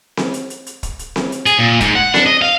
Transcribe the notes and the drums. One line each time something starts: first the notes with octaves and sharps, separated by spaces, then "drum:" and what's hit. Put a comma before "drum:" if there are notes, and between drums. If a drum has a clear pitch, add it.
drum: snare C4
drum: hi-hat
drum: hi-hat
drum: hi-hat
drum: kick, hi-hat
drum: hi-hat
drum: snare C4
drum: hi-hat
G#4, drum: hi-hat
A#2
G#2, drum: kick, hi-hat
F#5
D4, drum: snare C4
D#5
F5